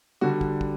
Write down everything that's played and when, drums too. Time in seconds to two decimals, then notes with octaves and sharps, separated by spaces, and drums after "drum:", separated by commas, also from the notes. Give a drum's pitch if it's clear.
0.21 D3 G3 F#4
0.41 drum: kick
0.61 drum: kick